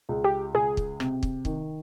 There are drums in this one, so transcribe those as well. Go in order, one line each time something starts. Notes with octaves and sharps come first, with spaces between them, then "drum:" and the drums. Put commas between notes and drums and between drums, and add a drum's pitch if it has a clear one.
C#2
G4
C#2 G#4
drum: kick
C3, drum: rim click
drum: kick
D#3, drum: kick